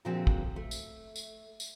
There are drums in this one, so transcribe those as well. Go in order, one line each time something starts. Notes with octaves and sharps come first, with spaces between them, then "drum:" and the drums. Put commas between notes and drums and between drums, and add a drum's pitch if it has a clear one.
A#2 D3 F3 G#3 C4 F#4
drum: kick
A3
drum: tambourine
drum: tambourine
drum: tambourine